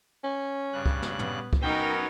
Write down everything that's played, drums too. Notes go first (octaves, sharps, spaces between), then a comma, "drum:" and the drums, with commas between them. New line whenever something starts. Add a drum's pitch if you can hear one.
C#4
G2 C#3 F#6
drum: kick
drum: snare
B3, drum: tom
drum: kick
F#3 B3 C#4 D#4 A#4 G5